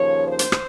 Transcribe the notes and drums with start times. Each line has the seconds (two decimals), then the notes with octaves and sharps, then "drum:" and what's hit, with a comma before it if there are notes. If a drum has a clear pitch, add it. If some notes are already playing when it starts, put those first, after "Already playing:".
Already playing: D#2 C#3 F3 C#5
0.26 C5
0.39 drum: hi-hat
0.52 drum: rim click